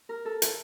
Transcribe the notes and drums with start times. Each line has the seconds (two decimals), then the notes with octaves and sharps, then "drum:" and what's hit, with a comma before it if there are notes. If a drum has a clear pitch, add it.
0.09 A#4
0.25 A4
0.42 A#4, drum: hi-hat